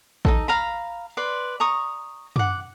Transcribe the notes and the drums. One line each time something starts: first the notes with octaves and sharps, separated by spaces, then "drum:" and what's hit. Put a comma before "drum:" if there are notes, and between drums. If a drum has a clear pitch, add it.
D#4 E4 A4, drum: kick A1
F5 A#5 B5
B4 D5 C6
A#5 C#6 D#6
F#5 D6, drum: tom F#2